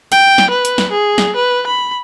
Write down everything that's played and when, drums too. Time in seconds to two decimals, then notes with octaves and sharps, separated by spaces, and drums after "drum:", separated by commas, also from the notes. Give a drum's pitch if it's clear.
0.12 G5, drum: hi-hat
0.38 drum: snare
0.50 B4
0.65 drum: hi-hat
0.78 drum: snare
0.92 G#4
1.18 drum: snare
1.36 B4
1.67 B5